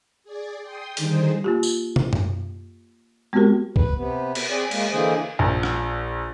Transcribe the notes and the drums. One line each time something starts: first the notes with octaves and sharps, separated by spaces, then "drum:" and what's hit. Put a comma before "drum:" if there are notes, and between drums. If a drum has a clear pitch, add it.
G#4 D5
G5 C6 D#6
D3 D#3 G3 D#4 G#4 C5, drum: hi-hat
A#3 F4 G4
drum: tambourine
drum: tom
drum: tom F#2
G#3 B3 C4 F#4 G4 A#4
B4, drum: kick C#2
C3 B3
drum: cymbal
C4 G#4 D5
G#3 A#3, drum: cymbal
D3 E3 A#3 G#4 C5 D#5
A#1
drum: rim click